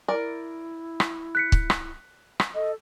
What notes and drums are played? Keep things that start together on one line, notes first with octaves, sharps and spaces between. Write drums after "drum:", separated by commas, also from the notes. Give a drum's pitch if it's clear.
E4 A#4 D5
drum: rim click
F#6 B6 C#7
drum: kick
drum: rim click
drum: rim click
A4 D#5